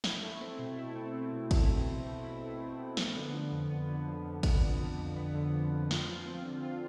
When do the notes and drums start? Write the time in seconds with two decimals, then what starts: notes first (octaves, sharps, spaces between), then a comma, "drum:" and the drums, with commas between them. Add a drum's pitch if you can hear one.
0.04 E4, drum: snare
0.23 A3
0.41 C4
0.59 B2
0.77 E4
0.96 A3
1.15 C4
1.33 B2
1.51 E4, drum: kick G#1, cymbal
1.70 A3
1.87 C4
2.05 B2
2.24 E4
2.43 A3
2.60 C4
2.79 B2
2.97 B3, drum: snare
3.15 D3
3.34 F3
3.52 F2
3.70 B3
3.89 D3
4.07 F3
4.26 F2
4.43 B3, drum: kick G#1, cymbal
4.62 D3
4.81 F3
4.99 F2
5.17 B3
5.35 D3
5.54 F3
5.72 F2
5.91 F4, drum: snare
6.09 F3
6.27 C4
6.45 D3
6.64 F4